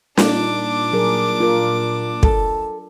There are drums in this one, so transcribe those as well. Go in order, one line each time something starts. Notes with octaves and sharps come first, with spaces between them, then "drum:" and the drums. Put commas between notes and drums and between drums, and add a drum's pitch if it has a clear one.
A#2 G3 D4 D#4 D6, drum: snare
F#3 G#4 A#4
F4 A#4
A4, drum: kick